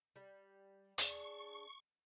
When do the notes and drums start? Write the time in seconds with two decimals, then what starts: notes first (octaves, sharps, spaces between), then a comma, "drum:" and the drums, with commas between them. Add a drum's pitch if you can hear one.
0.16 G3
0.98 D4 G#4 C#5 C#6, drum: hi-hat